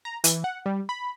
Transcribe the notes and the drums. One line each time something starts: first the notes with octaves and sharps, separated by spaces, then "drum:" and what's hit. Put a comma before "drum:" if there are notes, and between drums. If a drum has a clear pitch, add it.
A#5
E3, drum: hi-hat
F#5
G3
B5